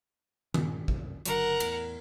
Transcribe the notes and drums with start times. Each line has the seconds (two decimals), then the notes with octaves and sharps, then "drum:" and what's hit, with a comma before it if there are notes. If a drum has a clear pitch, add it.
0.54 G2 A#2 G#3, drum: tom D#3
0.88 F#2 A2 C3, drum: kick A1
1.25 F#1 D3 F#3 A#4 F#5, drum: hi-hat
1.60 E2 A2, drum: cymbal